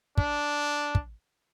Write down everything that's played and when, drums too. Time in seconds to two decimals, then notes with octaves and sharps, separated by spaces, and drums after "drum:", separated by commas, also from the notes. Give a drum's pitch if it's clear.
0.18 D4, drum: kick
0.95 drum: kick